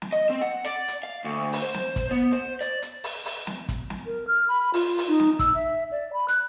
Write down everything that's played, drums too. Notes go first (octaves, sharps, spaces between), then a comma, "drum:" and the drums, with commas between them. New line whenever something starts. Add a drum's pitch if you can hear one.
drum: snare
D#5
C4
F#5
D5, drum: hi-hat
drum: hi-hat
F5
D2
drum: open hi-hat
C5
drum: snare
drum: kick, hi-hat
B3
C5
D5, drum: hi-hat
drum: hi-hat
drum: open hi-hat
drum: open hi-hat
drum: snare
drum: kick, hi-hat
drum: snare
A#4
F6
B5
F4, drum: open hi-hat
drum: open hi-hat
D#4
drum: snare
E6, drum: kick, hi-hat
E5
D5
B5
F#6, drum: hi-hat